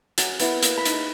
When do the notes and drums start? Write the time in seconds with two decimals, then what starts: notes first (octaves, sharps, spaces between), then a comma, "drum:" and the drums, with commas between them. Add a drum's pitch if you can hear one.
0.18 F#3 G#5, drum: hi-hat
0.40 B3 E4, drum: hi-hat
0.63 A#3, drum: hi-hat
0.77 B5
0.85 D#4, drum: hi-hat
0.92 B5